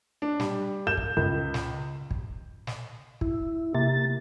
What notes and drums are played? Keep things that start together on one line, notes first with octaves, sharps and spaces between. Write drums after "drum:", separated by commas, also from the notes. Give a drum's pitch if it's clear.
D4
G3, drum: snare
G6 E7
drum: kick
C#2 G6
drum: snare
drum: kick
drum: snare
E4, drum: kick
C3 A#3 A6